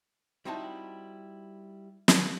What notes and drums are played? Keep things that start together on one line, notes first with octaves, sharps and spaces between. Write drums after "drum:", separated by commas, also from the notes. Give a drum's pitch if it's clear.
G3 C4 D#4 E4 F#4 A5
drum: snare